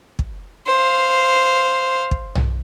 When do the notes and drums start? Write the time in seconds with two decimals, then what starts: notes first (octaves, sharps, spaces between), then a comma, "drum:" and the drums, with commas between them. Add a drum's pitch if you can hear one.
0.19 drum: kick
0.67 C5 F5
2.11 drum: kick
2.35 drum: tom